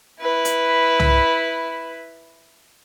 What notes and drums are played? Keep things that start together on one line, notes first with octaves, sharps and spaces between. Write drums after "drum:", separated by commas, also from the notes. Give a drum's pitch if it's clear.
E4 B4
drum: hi-hat
drum: tom